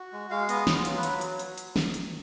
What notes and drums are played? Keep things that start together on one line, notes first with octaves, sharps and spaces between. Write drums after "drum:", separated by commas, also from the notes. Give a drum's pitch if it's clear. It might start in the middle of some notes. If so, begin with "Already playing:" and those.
Already playing: F#4
G#3
G#3 F5
B3 D#5, drum: hi-hat
F4, drum: snare
F#3, drum: hi-hat
B4
F#3, drum: hi-hat
drum: hi-hat
drum: hi-hat
drum: hi-hat
drum: snare
drum: hi-hat